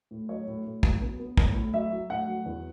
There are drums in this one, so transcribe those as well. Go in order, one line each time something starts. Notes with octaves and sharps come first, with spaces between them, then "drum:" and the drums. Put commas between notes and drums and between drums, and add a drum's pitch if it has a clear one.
A2
F#3 C#5
A2
A2
F#3, drum: kick
B3
B3
A2, drum: kick
A2
F#3 E5
F#3
A2 F#5
F#3
E2